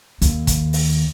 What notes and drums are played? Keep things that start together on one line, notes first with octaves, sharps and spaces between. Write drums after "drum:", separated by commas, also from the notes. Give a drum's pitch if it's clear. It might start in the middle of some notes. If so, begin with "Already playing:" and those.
D#2, drum: hi-hat
drum: kick, hi-hat
drum: open hi-hat